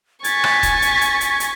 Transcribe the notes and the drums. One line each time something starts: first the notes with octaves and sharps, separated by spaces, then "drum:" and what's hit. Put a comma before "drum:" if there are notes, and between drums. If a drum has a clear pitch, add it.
G#5 C#6 G#6 A6 B6, drum: hi-hat
drum: rim click
drum: kick D#1, hi-hat
drum: hi-hat
drum: hi-hat
drum: hi-hat
drum: hi-hat